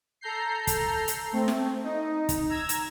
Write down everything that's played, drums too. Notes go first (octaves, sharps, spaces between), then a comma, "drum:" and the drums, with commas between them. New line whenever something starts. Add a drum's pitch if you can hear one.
A4 A#5 G6 C7
drum: kick, hi-hat
drum: hi-hat
A3 C4
drum: snare
D#4
drum: kick, hi-hat
A#5 E6 G#6
drum: hi-hat